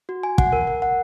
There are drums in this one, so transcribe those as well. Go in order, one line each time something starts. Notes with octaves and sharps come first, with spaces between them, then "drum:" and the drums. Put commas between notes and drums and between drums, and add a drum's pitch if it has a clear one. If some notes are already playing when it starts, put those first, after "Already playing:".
F#4
G#5
F#5, drum: kick
A#4
A#4
F#5